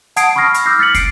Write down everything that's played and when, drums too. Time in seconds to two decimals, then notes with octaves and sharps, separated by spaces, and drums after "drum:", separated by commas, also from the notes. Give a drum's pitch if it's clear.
0.16 F#5 A5 D#6 G#6 C7 D7, drum: hi-hat
0.36 B5 C#6 D#6 F6 A#6 C7
0.54 drum: hi-hat
0.66 D6 E6 F6 G6 A#6 C7
0.79 F6 A6 B6 C#7 F#7
0.94 C7 D7, drum: kick, hi-hat